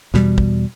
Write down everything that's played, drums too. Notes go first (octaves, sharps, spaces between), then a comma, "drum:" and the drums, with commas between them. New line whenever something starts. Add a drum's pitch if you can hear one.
E2 B2 G3, drum: snare
drum: kick